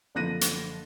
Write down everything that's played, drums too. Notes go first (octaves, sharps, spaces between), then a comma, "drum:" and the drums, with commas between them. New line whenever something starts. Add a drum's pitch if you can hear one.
F#1 D3 F3 F#6 A#6 D#7
drum: hi-hat